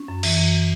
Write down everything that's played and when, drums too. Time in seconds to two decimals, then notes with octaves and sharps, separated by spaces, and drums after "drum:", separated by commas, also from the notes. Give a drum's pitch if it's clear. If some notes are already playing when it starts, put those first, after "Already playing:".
Already playing: C#4
0.08 F#2
0.23 E3, drum: cymbal
0.38 F#2